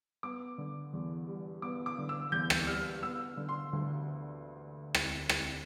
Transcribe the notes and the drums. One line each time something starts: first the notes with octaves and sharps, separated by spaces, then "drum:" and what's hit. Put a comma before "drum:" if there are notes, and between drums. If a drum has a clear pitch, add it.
B3 D6
D3
E2
G3
B3 D6
D6
D3
E6
E2 G6
drum: rim click
G3 F6
B3 E6
D3
C6
D2
drum: rim click
drum: rim click